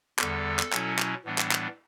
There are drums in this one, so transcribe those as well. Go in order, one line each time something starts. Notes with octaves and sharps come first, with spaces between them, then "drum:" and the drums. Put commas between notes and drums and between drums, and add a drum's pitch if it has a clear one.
E2 D3 G3 A4, drum: clap
drum: clap
B2 F#3 C#4 E4, drum: clap
drum: clap
A2 E3 G3 B3 D4
drum: clap
drum: clap